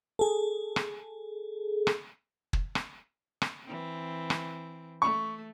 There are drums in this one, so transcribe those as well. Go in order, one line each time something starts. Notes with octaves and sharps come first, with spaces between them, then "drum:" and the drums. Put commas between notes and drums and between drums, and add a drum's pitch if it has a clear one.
G#4 A4
drum: rim click
drum: rim click
drum: kick
drum: rim click
drum: rim click
E3 C4
drum: rim click
A3 C#6